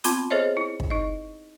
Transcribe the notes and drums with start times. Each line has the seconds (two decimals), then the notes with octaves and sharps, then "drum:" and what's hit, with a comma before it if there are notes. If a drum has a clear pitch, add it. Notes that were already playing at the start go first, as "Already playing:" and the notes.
0.04 B3 C4 F4 B5 C6, drum: hi-hat
0.30 G#4 A4 C5 C#5 D#5 E5
0.57 E4
0.80 drum: kick
0.90 D#4 D#5